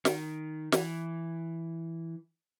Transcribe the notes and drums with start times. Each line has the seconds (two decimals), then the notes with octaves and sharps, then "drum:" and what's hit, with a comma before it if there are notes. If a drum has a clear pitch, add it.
0.05 D#3, drum: snare
0.72 E3, drum: snare